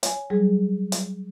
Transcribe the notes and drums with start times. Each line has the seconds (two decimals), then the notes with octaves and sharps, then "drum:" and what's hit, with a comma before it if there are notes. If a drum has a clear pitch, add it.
0.03 C#5 G#5, drum: hi-hat
0.30 F#3 G3 G#4
0.92 drum: hi-hat